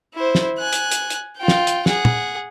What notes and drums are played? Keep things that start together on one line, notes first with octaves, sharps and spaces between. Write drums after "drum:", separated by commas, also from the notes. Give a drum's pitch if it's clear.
E4 C5
drum: snare
G#5 F#6
drum: hi-hat
drum: hi-hat
drum: hi-hat
F4 G5
drum: snare
drum: hi-hat
G#4 F#5, drum: snare
drum: tom